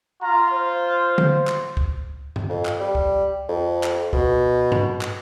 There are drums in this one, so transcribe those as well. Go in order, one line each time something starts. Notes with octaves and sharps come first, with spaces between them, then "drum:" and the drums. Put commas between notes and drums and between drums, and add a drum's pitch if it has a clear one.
F4 A#5
C5
drum: tom
drum: clap
drum: kick
drum: tom G2
F2
drum: clap
G3
drum: kick
F2
drum: clap
B2, drum: kick
drum: tom G2
drum: clap